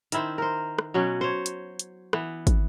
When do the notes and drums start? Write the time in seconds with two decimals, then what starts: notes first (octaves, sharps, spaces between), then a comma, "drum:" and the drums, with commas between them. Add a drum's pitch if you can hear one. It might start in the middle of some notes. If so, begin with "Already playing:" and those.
0.12 D#3 E4 C5, drum: hi-hat
0.38 A#4 C5
0.79 drum: rim click
0.94 B2 F#3 C#4
1.21 C5 C#5
1.46 drum: hi-hat
1.79 drum: hi-hat
2.13 E3 B3, drum: rim click
2.47 drum: kick, hi-hat